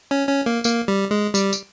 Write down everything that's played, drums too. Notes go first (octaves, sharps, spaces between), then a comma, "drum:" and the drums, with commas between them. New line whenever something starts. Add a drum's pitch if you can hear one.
C#4
C#4
A#3
A#3, drum: tambourine
G3
G#3
G3, drum: tambourine
drum: tambourine